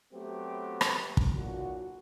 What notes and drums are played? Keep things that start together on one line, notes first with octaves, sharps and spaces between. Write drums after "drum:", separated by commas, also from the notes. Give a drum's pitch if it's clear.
F#3 A3 B3 C4 G4
drum: rim click
drum: kick
B1 A#2 F#4